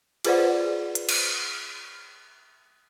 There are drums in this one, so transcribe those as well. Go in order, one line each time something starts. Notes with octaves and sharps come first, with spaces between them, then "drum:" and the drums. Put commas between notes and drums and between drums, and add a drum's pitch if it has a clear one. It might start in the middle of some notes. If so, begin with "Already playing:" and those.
F4 G#4 B4 C5 D5 F#5, drum: cymbal
drum: hi-hat
drum: cymbal